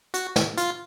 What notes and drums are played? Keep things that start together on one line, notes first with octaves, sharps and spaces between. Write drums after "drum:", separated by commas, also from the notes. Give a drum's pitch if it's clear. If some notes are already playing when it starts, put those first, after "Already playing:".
F#4, drum: hi-hat
drum: snare
F4, drum: hi-hat